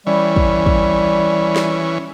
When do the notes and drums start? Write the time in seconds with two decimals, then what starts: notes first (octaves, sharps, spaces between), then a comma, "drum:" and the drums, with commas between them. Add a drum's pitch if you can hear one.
0.07 E3 G3 C#4
0.36 drum: kick
0.66 drum: kick
1.56 drum: snare